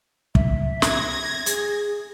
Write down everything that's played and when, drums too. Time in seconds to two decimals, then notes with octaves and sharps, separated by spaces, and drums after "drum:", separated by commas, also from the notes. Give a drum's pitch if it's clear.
0.35 E5, drum: kick
0.82 G#6 A#6, drum: snare
1.46 G#4, drum: hi-hat